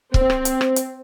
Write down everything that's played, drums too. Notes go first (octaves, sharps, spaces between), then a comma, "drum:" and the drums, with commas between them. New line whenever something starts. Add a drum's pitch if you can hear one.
C4, drum: kick
drum: rim click
drum: hi-hat
drum: rim click
drum: hi-hat